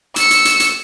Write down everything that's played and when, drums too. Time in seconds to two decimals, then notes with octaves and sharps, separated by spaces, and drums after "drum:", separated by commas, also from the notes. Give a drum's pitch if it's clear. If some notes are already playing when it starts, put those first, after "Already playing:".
0.16 E6 C#7, drum: hi-hat
0.31 drum: hi-hat
0.45 drum: hi-hat
0.60 drum: hi-hat